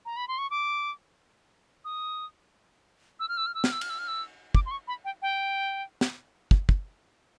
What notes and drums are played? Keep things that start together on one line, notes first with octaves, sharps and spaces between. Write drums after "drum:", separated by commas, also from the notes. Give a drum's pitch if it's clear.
A#5
B5
C6
C#6
D6
D#6
E6
F6
E6
F6
E6
F6, drum: snare
E6
F6, drum: cymbal
E6
F6
E6
D6, drum: kick
C6
C#6
B5
G5
G5
drum: snare
drum: kick
drum: kick